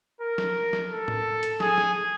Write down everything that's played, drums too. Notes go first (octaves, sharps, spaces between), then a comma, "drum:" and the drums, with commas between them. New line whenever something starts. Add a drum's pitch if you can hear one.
A#4
drum: snare
drum: snare
A4
drum: tom A2
drum: hi-hat
G#4, drum: snare
drum: snare